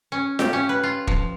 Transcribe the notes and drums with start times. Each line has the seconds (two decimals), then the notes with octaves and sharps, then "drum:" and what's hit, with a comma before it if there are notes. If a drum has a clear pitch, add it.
0.12 C#4
0.39 G4, drum: snare F4
0.53 C#4
0.69 B4
0.83 F4
1.07 F3, drum: kick E1